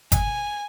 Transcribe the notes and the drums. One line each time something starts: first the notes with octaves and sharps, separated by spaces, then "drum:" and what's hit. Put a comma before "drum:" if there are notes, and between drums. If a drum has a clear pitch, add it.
G#5, drum: kick G1, hi-hat